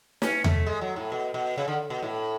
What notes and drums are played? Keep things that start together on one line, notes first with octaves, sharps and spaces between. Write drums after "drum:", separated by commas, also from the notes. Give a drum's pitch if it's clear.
C#4, drum: snare
A3, drum: tom E2
G#3
F#3
A2
B2
B2
C#3
D3
B2
A2